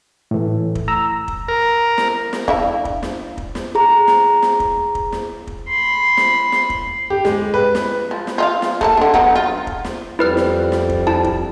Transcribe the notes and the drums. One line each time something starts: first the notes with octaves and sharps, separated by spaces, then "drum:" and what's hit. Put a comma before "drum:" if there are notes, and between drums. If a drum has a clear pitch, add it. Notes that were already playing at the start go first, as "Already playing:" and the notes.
A2 E3
drum: kick
A#5 E6
drum: kick
A#4
drum: snare
drum: snare
D4 E4 E5 F5, drum: kick
drum: kick
drum: snare
drum: kick
drum: snare
G#4 A#5
drum: snare
drum: snare
drum: kick
drum: kick
drum: snare
drum: kick
B5 C6
drum: snare
drum: snare
drum: kick
G4
G#3, drum: snare
B4
drum: snare
F3
drum: snare
F4 D#5 F5
drum: snare
A3 A#3 A5, drum: kick
D3 D4
F#3 B3 D#4, drum: kick
F4
drum: kick
drum: snare
F2 G3 E4 B4 F6
drum: snare
drum: snare
drum: kick
E4 A5
drum: kick